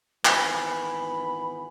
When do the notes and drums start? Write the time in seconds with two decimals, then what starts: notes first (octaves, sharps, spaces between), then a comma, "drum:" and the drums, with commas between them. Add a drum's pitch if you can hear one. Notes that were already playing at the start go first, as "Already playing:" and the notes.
0.25 G#1 E3 B3 G#5 B5, drum: clap